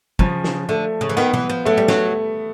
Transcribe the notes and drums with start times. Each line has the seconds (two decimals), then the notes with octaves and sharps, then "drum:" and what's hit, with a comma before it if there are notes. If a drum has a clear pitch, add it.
0.19 C#3 F3, drum: kick
0.44 drum: snare
0.69 D3 A3
1.01 C#3
1.09 E3
1.17 D#3 B3
1.34 E3, drum: tom
1.49 F3
1.65 F#3 A3
1.78 G3
1.88 F#3, drum: snare